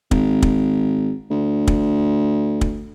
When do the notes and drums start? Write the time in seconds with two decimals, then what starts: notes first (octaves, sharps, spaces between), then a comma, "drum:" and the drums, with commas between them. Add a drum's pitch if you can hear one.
0.11 G#1, drum: kick
0.42 drum: kick
1.31 D2
1.67 drum: kick
2.61 drum: kick